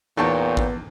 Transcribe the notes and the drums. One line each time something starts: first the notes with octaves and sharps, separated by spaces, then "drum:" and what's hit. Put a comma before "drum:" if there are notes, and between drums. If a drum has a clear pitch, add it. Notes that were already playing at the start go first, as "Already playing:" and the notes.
E2 A#2 B3 D#4 C#5 G5 A5
drum: kick